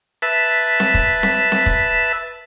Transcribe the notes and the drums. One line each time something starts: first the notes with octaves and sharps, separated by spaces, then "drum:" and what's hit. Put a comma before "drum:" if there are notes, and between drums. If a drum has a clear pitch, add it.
B4 E5 A5
drum: snare C4
drum: kick
drum: snare C4
drum: snare C4
drum: kick